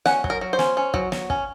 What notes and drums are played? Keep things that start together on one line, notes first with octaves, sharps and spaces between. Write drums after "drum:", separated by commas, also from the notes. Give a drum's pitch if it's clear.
C#4 F#5, drum: snare
F#3, drum: kick
A#4
F#3
C5
C#4, drum: snare
C#4
F#3, drum: kick
F#3, drum: snare
C#4, drum: kick